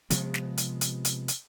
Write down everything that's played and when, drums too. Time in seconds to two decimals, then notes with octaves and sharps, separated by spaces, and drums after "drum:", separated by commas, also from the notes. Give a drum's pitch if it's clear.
0.10 C3 F3 G#3 B3, drum: hi-hat
0.34 drum: snare
0.57 drum: hi-hat
0.81 drum: hi-hat
1.05 drum: hi-hat
1.28 drum: hi-hat